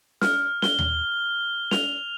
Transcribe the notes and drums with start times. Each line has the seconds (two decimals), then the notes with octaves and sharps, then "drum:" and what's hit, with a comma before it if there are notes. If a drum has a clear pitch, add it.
0.21 F6, drum: snare
0.62 G7, drum: snare
0.79 drum: tom D#2
1.71 F7, drum: snare